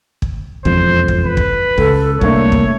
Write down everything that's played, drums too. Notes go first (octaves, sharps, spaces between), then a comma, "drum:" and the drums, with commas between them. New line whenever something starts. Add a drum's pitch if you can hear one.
drum: kick
E1 F2 C5, drum: kick
drum: kick
B4
drum: kick
C#2 A4, drum: kick
C2 A3 A#3 D4 C#5, drum: kick
drum: kick